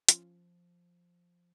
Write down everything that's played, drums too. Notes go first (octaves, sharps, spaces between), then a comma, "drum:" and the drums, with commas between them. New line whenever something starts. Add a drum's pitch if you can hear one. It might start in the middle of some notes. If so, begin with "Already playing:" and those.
F3 C#4 F4, drum: hi-hat